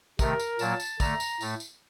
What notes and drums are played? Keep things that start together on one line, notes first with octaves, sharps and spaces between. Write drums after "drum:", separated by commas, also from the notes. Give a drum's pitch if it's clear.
C3 D#3 A3 A#4, drum: kick, tambourine
drum: tambourine
A#2 F#3 A#3 A5, drum: tambourine
drum: tambourine
D3 A3 A#5, drum: kick, tambourine
drum: tambourine
A2 A3, drum: tambourine
drum: tambourine